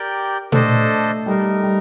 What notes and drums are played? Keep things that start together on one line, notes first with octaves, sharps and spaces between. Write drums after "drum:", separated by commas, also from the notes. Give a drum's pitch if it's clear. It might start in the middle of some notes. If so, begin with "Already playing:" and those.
Already playing: G4 A#4 D5 G5
A3 D4 A4 C5 D#5, drum: tom
G3 A3 D#4 A#4
G3